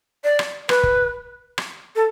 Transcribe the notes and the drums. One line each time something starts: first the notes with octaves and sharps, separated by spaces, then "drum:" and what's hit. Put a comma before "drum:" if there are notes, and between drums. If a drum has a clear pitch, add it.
D5
drum: rim click
B4, drum: rim click
drum: kick
drum: rim click
A4